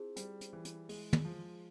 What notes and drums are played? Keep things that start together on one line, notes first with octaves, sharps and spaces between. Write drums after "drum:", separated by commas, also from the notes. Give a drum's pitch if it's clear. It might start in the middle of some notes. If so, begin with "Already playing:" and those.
Already playing: C4 E4 F4 G#4
G3 C5, drum: hi-hat
drum: hi-hat
E3
drum: hi-hat
G#3, drum: open hi-hat
drum: tom
F3